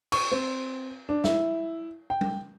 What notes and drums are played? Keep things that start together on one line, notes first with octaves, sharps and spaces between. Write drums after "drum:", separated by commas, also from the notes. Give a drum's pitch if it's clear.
C#6, drum: cymbal
C4
D4
E4, drum: snare
G5
drum: tom G3